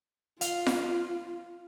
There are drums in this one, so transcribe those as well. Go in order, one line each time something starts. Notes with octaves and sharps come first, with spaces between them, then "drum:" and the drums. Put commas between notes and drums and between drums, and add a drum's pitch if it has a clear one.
F4 F5, drum: hi-hat
drum: snare F4